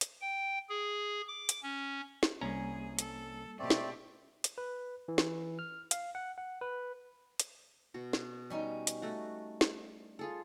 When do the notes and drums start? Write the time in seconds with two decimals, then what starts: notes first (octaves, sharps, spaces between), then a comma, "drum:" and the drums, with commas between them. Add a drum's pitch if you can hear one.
0.01 drum: hi-hat
0.22 G5
0.70 G#4
1.28 D6
1.49 drum: hi-hat
1.63 C#4
2.23 drum: snare
2.41 C2 G3 A#3 C#4 G#4 A#5
2.99 A4, drum: hi-hat
3.59 B2 A3 C4 G4 D5
3.70 drum: snare
4.44 drum: hi-hat
4.58 B4
5.08 E3
5.18 drum: snare
5.59 F6
5.91 F5, drum: hi-hat
6.15 F#5
6.38 F#5
6.61 B4
7.40 drum: hi-hat
7.94 B2 F#4
8.13 drum: snare
8.50 G3 C#4 D#4
8.87 drum: hi-hat
9.02 A3 F#4
9.61 drum: snare
10.19 F4 G#4 A4